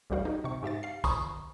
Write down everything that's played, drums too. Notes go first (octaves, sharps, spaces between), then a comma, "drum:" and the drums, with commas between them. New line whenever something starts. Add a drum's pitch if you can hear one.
A1 D2 G3 F#4 F5
D#4 G4
C3 C#6
G#2 G4 E5 A6
F5 C7
G#5 A#5 B5 C#6 D#6, drum: kick, tambourine